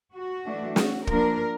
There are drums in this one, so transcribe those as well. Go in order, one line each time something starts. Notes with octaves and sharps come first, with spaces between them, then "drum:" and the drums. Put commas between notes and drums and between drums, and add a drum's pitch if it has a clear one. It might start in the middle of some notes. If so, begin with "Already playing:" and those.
F#4
E3 A3 D4
F#4, drum: snare
F3 A#3 D4 A#4, drum: kick